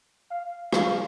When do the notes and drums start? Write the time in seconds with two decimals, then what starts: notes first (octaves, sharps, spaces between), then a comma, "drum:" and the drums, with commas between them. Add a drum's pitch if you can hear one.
0.31 F5
0.73 F5, drum: rim click